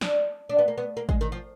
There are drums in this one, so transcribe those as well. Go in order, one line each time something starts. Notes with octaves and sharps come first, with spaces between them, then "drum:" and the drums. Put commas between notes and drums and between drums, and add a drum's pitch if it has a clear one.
D4, drum: snare
D4
B3
A#3
B3
A#3
G#3, drum: kick G#1
D#3
F3